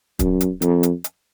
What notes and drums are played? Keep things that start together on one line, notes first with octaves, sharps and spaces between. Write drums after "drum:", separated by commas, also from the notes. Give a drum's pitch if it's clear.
F#2, drum: kick, hi-hat
drum: hi-hat
F2, drum: hi-hat
drum: hi-hat
drum: hi-hat